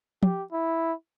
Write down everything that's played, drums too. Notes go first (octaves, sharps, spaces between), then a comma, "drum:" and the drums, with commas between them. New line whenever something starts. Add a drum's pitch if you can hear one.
G4, drum: tom
E4